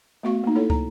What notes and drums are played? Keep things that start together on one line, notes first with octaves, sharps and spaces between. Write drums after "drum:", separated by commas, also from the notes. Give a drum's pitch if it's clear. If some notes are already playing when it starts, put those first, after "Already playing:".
A3 B3 F#4 F5 C#6
A#3 D#4
E4 A4 C#5
A#5, drum: kick